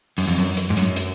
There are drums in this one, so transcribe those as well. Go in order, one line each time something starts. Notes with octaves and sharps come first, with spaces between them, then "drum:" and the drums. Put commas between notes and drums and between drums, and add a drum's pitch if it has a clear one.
F#2, drum: open hi-hat
F2
F#2, drum: open hi-hat
drum: hi-hat
G#2
F#2, drum: hi-hat
drum: hi-hat